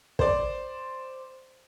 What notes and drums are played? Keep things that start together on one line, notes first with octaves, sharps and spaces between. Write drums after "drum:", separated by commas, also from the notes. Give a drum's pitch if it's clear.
C5 D5, drum: kick